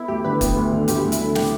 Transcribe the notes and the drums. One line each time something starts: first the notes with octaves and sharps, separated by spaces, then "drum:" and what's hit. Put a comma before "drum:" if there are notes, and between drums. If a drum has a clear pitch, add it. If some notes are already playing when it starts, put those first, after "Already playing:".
Already playing: B3 E4
D2 G4
D3 B4
B3, drum: kick, hi-hat
D2
D3
D2 G4, drum: hi-hat
E4
D2
E4, drum: hi-hat
D3
G4, drum: snare